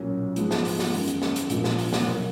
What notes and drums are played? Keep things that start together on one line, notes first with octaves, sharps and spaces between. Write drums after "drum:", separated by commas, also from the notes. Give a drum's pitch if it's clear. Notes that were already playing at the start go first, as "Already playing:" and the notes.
Already playing: B1 A#2 F#3 C#4
G#2 F3 G#3 B3, drum: hi-hat
drum: snare
drum: open hi-hat
drum: snare
F#2 D#3 G#3, drum: open hi-hat
drum: hi-hat
drum: snare
drum: hi-hat
A#1 A#2 F3 B3 D#4, drum: hi-hat
drum: snare
drum: open hi-hat
drum: snare
B2 F#3 A#3